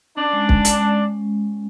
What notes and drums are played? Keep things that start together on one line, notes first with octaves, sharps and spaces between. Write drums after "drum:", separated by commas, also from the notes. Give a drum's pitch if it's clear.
C#4 D4
G#3
G#3, drum: kick
G#3, drum: hi-hat
G#3